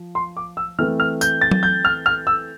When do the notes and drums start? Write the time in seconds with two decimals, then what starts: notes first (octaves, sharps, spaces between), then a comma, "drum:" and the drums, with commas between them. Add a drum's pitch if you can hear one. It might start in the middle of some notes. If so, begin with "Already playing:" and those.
Already playing: F3
0.15 C6
0.37 D6
0.57 E6
0.79 E3 A3 C4 F6
1.00 F6
1.21 G6, drum: tambourine
1.41 A6
1.51 drum: tom F#3
1.63 G6
1.85 F6
2.06 F6
2.27 E6